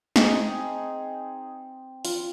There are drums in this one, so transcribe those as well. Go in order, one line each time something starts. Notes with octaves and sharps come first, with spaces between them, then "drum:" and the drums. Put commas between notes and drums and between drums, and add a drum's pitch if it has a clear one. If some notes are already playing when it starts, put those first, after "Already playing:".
C4 D#4 G#4, drum: snare
F4, drum: open hi-hat